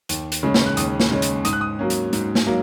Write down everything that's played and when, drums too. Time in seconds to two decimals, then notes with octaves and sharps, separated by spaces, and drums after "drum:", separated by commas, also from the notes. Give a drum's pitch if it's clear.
0.09 D#2, drum: hi-hat
0.32 drum: hi-hat
0.43 C#3 G#3 C#4
0.54 drum: snare
0.66 F#6
0.77 D#2 D#6, drum: hi-hat
1.00 drum: snare
1.11 C#3 G#3 C#4
1.22 drum: hi-hat
1.45 G#2 D#6, drum: hi-hat
1.53 F#6
1.61 D#6
1.79 F#3 A#3 C#4
1.90 drum: hi-hat
2.13 G#2, drum: hi-hat
2.35 drum: snare
2.47 F#3 A#3